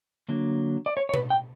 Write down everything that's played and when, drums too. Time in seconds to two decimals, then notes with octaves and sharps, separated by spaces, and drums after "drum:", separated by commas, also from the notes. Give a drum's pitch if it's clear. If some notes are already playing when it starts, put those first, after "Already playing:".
0.28 D3 F#3 A#3 D4
0.86 D5
0.97 C#5
1.09 C#5
1.14 B4, drum: tom B2
1.30 G5